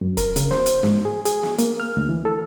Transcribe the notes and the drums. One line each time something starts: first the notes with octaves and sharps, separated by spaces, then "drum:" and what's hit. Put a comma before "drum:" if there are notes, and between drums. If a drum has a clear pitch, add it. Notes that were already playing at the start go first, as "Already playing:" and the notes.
F#2
A#4, drum: kick, hi-hat
C#3, drum: hi-hat
C5, drum: snare
drum: hi-hat
G#2, drum: snare
G#4
G#4, drum: hi-hat
drum: snare
A#3, drum: hi-hat
F6
D2
E3
A4